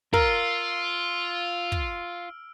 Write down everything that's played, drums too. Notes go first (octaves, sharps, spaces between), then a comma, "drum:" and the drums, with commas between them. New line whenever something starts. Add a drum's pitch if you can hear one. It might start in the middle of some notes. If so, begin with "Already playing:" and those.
F4 A#4 E6 F6 D7, drum: kick
drum: kick